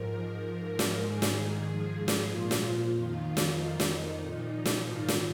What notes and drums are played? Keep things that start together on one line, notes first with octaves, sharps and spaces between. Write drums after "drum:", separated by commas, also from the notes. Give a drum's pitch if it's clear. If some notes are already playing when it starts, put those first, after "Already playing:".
Already playing: G#2 F3 A#4
G#2 F3
drum: snare
G#2 D#3 G#4
drum: snare
G#2 F3
drum: snare
A#2 F3 F4
drum: snare
F2 D#3
drum: snare
F2 D#3 D#4
drum: snare
A#2 F3
drum: snare
G#2 D#3 F4
drum: snare